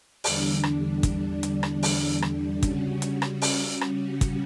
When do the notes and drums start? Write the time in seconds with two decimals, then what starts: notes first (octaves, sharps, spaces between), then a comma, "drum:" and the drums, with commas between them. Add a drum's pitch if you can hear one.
0.24 E2 D3 G3 D4, drum: open hi-hat
0.63 drum: rim click
1.03 drum: kick, hi-hat
1.43 drum: hi-hat
1.63 drum: rim click
1.83 drum: open hi-hat
2.22 drum: rim click
2.63 C#3 G3 C#4 F#4, drum: kick, hi-hat
3.02 drum: hi-hat
3.22 drum: rim click
3.42 drum: open hi-hat
3.81 drum: rim click
4.21 drum: kick, hi-hat